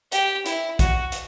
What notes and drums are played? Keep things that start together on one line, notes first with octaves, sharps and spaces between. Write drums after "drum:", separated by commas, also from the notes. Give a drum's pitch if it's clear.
G4, drum: hi-hat
E4, drum: hi-hat
F#4, drum: kick A#1, hi-hat
drum: hi-hat